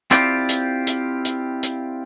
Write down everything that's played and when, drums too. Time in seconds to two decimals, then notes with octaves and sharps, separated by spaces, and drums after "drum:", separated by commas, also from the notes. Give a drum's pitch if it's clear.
0.11 C4 E4 F4 G4 C5 D5, drum: hi-hat
0.49 drum: hi-hat
0.87 drum: hi-hat
1.25 drum: hi-hat
1.63 drum: hi-hat